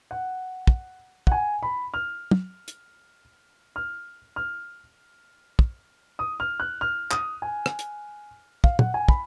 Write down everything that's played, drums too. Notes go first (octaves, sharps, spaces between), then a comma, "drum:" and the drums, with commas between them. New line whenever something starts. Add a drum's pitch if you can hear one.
F#5
drum: kick
F#5, drum: kick
G#5
B5
F6
drum: tom
drum: hi-hat
F6
F6
drum: kick
D#6
F6
F#6
F6
D#6, drum: clap
G#5
drum: rim click
drum: hi-hat
F5, drum: kick
F#5, drum: tom
G#5
B5, drum: kick